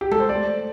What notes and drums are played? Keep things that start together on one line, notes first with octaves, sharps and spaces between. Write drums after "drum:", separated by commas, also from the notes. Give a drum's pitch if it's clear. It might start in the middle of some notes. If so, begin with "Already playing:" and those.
G4
A4, drum: tom G#3
C5
A3 D5